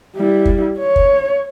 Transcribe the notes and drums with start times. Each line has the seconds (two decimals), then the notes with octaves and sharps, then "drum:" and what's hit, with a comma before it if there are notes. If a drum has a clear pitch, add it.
0.16 G3 E4
0.45 drum: kick
0.79 C#5
0.96 drum: kick